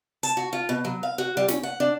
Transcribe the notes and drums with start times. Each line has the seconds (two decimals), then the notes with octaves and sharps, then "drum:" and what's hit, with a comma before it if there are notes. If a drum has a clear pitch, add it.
0.23 A5, drum: hi-hat
0.37 F#4
0.53 F4
0.69 B2
0.85 F#3
1.03 F5
1.18 F#4
1.37 G3
1.48 C#4, drum: snare
1.63 F#5
1.80 D4